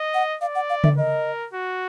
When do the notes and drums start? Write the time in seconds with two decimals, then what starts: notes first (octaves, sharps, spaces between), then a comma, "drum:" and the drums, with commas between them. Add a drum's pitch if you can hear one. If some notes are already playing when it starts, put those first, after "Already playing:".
Already playing: D#5
0.14 F#5
0.41 D5 F5
0.55 F#5
0.70 F5
0.84 E5, drum: tom C#3
0.97 A#4 D#5
1.53 F#4